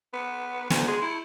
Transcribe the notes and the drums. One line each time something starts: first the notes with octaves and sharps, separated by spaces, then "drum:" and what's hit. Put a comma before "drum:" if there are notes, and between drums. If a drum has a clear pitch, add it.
B3
D2, drum: snare
G#3
E4